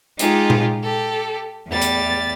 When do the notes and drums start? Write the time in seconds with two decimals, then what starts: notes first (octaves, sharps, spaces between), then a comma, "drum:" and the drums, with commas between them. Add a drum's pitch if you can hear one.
0.19 G#3 D#4 F4 G4 G#4, drum: hi-hat
0.50 drum: tom A#2
0.83 G4 A4
1.68 E2 A2 G3 A6
1.82 drum: hi-hat